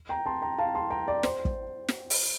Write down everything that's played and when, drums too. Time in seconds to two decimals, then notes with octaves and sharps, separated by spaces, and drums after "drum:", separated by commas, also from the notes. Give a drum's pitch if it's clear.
0.09 G5 A#5
0.26 A5 C6
0.42 G5 A#5
0.58 F5 A5
0.75 A5 C6
0.91 G5 A#5
1.08 D5
1.23 C5, drum: snare
1.45 drum: kick
1.88 drum: snare
2.10 drum: open hi-hat